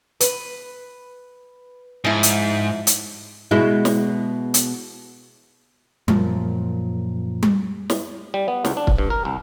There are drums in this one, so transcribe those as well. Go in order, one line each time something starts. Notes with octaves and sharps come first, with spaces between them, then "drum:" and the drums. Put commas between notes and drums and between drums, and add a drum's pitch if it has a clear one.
B4, drum: hi-hat
G#2 F3 E4
drum: hi-hat
drum: hi-hat
B2 G#3 E4
drum: snare
drum: hi-hat
F#2 A#2 F3, drum: tom G3
drum: tom G3
drum: snare
G3
B3
C#2, drum: snare
D4
drum: kick
G2
A#4
C2